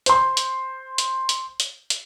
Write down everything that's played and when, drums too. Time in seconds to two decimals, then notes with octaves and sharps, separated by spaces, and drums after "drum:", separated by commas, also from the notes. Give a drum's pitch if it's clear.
0.06 C5 C6, drum: hi-hat
0.37 drum: hi-hat
0.98 drum: hi-hat
1.29 drum: hi-hat
1.60 drum: hi-hat
1.90 drum: hi-hat